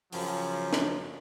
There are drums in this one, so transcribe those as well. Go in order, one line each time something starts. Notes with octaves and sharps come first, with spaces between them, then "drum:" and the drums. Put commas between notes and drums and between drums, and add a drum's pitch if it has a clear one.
F#2 C#3 F3, drum: open hi-hat
drum: snare